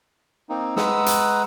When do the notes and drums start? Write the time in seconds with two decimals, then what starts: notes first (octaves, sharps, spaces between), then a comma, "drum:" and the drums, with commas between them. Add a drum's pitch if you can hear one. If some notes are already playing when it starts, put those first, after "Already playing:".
0.49 A#3 C4 D#4
0.76 G#3 B4 F#5 A#5 D#6 E6, drum: snare
1.06 drum: hi-hat